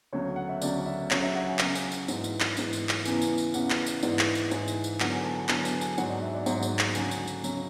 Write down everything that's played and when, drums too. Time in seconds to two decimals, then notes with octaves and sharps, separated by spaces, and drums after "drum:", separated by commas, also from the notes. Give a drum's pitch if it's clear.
0.13 D2 C#3 F#3 C#5
0.36 F#5
0.49 E5
0.62 D2 C#3 F#3 D5, drum: tambourine
0.86 E5
1.11 C#2 C#3 F#3 C#5, drum: clap
1.23 E5
1.35 F#5
1.47 G#5
1.59 C#2 C#3 F#3 G#5, drum: clap
1.75 drum: tambourine
1.92 drum: tambourine
2.08 G#2 E3, drum: tambourine
2.24 drum: tambourine
2.40 drum: clap
2.57 G#2 E3, drum: tambourine
2.73 drum: tambourine
2.89 drum: clap
3.05 E2 C#3 E3 G#5, drum: tambourine
3.22 drum: tambourine
3.38 drum: tambourine
3.54 E2 C#3 E3 F#5, drum: tambourine
3.70 drum: clap
3.87 drum: tambourine
4.03 G#2 E3 D5, drum: tambourine
4.19 drum: clap
4.35 drum: tambourine
4.51 G#2 E3 G#5, drum: tambourine
4.68 drum: tambourine
4.84 drum: tambourine
5.00 E2 D3 F#3 F#5, drum: clap
5.13 G#5
5.25 A5
5.37 A5
5.49 E2 D3 F#3 G#5, drum: clap
5.65 A5, drum: tambourine
5.81 G#5, drum: tambourine
5.98 G#2 F#3 F#5, drum: tambourine
6.10 D5
6.22 E5
6.35 D5
6.46 G#2 F#3 F#5, drum: tambourine
6.63 drum: tambourine
6.79 drum: clap
6.95 D2 C#3 F#3 G#5, drum: tambourine
7.11 drum: tambourine
7.28 drum: tambourine
7.44 C#3 F#3, drum: tambourine